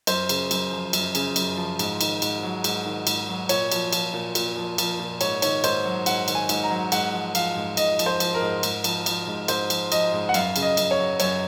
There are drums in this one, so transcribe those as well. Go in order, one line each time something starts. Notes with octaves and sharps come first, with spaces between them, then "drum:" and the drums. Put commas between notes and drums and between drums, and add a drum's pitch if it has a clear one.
F#2 C5, drum: cymbal
C#3, drum: cymbal
F#2, drum: cymbal
F3
F#2, drum: cymbal
C#3, drum: cymbal
F#2, drum: cymbal
F3
G#2, drum: cymbal
D#3, drum: cymbal
G#2, drum: cymbal
F#3
G#2, drum: cymbal
D#3
G#2, drum: cymbal
F#3
A#2 C#5, drum: cymbal
F3, drum: cymbal
F3, drum: cymbal
A#2
A#2, drum: cymbal
F3
F3, drum: cymbal
A#2
G#2 C#5, drum: cymbal
D#3 C#5, drum: cymbal
G#2 C5, drum: cymbal
F#3
G#2 F#5, drum: cymbal
D#3, drum: cymbal
G#5
G#2, drum: cymbal
A#5
F#3
G#2 F#5, drum: cymbal
F3
F3 F5, drum: cymbal
G#2
G#2 D#5, drum: cymbal
F3, drum: cymbal
C5
F3, drum: cymbal
A#4
G#2
G#2, drum: cymbal
F3, drum: cymbal
F3, drum: cymbal
G#2
G#2 C5, drum: cymbal
F3, drum: cymbal
F3 D#5, drum: cymbal
G#2
F#5
F#2 F5, drum: cymbal
C#3, drum: cymbal
D#5
F#2, drum: cymbal
C#5
F#3
F#2 C#5, drum: cymbal